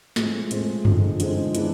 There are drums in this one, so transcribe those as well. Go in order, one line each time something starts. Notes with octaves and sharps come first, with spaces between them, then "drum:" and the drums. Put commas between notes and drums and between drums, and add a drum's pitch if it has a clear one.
A2 F3 G#3 C4, drum: snare
A2 F3 G#3 C4, drum: hi-hat
D3 F3 G#3 C4 D#4, drum: tom F#2
D3 F3 G#3 C4 D#4, drum: hi-hat
E3 G#3 B3 D4, drum: hi-hat